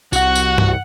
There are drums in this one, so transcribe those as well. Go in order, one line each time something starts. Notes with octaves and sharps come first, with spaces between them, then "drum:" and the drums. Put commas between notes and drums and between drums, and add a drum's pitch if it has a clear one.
C2 F#4 F#5, drum: tambourine
drum: tambourine
drum: tom G2